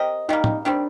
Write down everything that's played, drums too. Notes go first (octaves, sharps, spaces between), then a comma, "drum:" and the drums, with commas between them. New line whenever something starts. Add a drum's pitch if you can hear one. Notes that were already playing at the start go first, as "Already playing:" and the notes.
Already playing: C4 G4 A#4 D#5
D#3 G3 A#3 D#4
drum: tom
D#3 G3 C4 D4